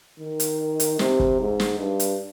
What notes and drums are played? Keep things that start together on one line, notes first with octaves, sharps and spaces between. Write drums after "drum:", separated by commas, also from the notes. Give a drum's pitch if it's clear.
D#3
drum: hi-hat
drum: hi-hat
C3, drum: snare
drum: kick
G#2
drum: snare
G2
drum: hi-hat